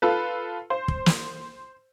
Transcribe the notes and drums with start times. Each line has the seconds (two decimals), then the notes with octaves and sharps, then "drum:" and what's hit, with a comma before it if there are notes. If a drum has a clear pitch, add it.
0.02 F4 A4 B4
0.70 C5
0.88 drum: kick
1.06 drum: snare